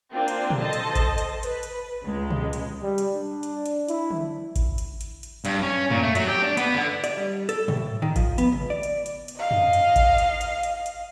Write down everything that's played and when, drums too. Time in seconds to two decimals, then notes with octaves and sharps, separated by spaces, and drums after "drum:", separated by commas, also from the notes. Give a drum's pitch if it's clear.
0.13 A#3 C4 D4 F4
0.28 drum: hi-hat
0.50 drum: tom
0.60 A4 C5 D#5 A5
0.73 drum: hi-hat
0.95 drum: kick G#1, hi-hat
1.18 drum: hi-hat
1.43 B4, drum: hi-hat
1.63 drum: hi-hat
2.03 C#2 G#3
2.30 drum: tom
2.53 drum: hi-hat
2.83 G3
2.98 drum: hi-hat
3.14 D4
3.43 drum: hi-hat
3.66 drum: hi-hat
3.88 E4, drum: hi-hat
4.11 drum: tom D3
4.56 drum: kick G#1, hi-hat
4.78 drum: hi-hat
5.01 drum: hi-hat
5.23 drum: hi-hat
5.45 G2, drum: hi-hat
5.62 C#4
5.90 A#2, drum: tom
6.03 A3
6.15 F#3, drum: hi-hat
6.28 G4
6.42 D4
6.57 B3, drum: hi-hat
6.75 D3
7.04 D5, drum: hi-hat
7.17 G3
7.49 A4, drum: hi-hat
7.68 A2, drum: tom
8.02 D#3
8.16 F3, drum: kick G#1, hi-hat
8.38 B3, drum: hi-hat
8.52 C#2
8.70 D5
8.83 drum: hi-hat
9.06 drum: hi-hat
9.28 drum: hi-hat
9.38 D#5 F5
9.51 drum: tom
9.73 drum: hi-hat
9.96 drum: kick G#1, hi-hat
10.18 drum: hi-hat
10.41 drum: hi-hat
10.63 drum: hi-hat
10.86 drum: hi-hat